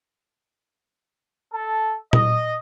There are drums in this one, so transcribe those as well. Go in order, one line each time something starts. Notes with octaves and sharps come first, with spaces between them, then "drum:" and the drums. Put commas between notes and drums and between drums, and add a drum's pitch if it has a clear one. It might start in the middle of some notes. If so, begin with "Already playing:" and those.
A4
D#5, drum: tom A#2